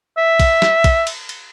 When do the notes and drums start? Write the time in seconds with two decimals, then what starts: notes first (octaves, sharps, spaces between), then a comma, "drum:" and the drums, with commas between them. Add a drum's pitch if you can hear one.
0.17 E5
0.40 drum: kick, cymbal
0.62 drum: snare
0.84 drum: kick, cymbal
1.07 drum: cymbal
1.29 drum: cymbal